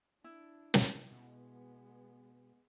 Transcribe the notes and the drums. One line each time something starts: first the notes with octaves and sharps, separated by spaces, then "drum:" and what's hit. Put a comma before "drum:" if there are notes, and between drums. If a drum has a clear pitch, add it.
D4 E4
drum: snare
B2 G#3 B3